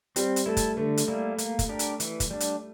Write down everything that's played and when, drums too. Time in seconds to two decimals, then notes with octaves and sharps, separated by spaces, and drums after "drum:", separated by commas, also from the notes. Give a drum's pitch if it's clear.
0.16 G3 C4, drum: hi-hat
0.36 drum: hi-hat
0.46 A3 E4 A4
0.57 drum: kick, hi-hat
0.77 D3 A3
0.97 drum: hi-hat
1.08 G3 A#3 E4
1.38 A#3, drum: hi-hat
1.59 drum: kick, hi-hat
1.69 D4 G4 A#4
1.79 drum: hi-hat
2.00 E3, drum: hi-hat
2.20 drum: kick, hi-hat
2.31 G3 D4
2.40 drum: hi-hat